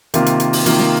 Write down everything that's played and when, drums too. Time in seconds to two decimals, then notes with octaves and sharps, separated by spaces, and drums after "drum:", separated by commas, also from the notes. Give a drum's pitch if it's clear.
0.14 C3 D#3 A#3 F4, drum: hi-hat
0.26 drum: hi-hat
0.40 drum: hi-hat
0.53 drum: open hi-hat
0.66 C3 D#3 A#3 F4, drum: hi-hat
0.79 drum: snare